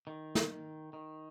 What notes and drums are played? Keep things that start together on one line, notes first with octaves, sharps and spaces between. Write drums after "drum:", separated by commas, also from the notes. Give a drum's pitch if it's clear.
D#3
drum: snare
D#3